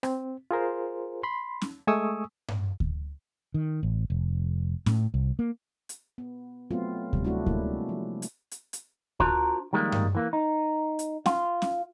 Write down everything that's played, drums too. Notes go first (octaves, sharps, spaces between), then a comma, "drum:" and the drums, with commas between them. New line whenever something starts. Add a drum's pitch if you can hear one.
C4, drum: rim click
F4 G#4 A#4 C5
B5 C6
drum: snare C#4
G#3 A3 G#5 C#6 D#6 E6
drum: tom G2
drum: kick D2
D#3
A1
F1
A2, drum: snare C#4
C2
A#3
drum: hi-hat
B3
F#3 A3 B3 C4 F4
C3 G3, drum: kick D2
F#3 A3 D4 E4 F#4
G3 G#3 A#3 E4, drum: kick D2
F3
drum: hi-hat
drum: hi-hat
drum: hi-hat
D4 F4 F#4 A#4 C5 A#5, drum: kick D2
D#3 F3 G3 G#3 A#3
drum: tom G2
E3 A#3
D#4
drum: hi-hat
F4, drum: snare C#4
drum: snare C#4